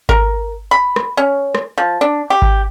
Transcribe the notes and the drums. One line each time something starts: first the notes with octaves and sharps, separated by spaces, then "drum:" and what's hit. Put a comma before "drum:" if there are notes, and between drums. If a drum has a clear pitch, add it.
A#4, drum: kick G#1
B5
drum: rim click
C#4
drum: rim click
F3
D4
G4
drum: kick G#1